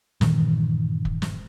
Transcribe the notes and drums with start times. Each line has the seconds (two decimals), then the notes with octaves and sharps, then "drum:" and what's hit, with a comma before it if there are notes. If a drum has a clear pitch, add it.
0.21 G2 A#2 D#3 E3, drum: snare
1.05 drum: kick
1.22 drum: snare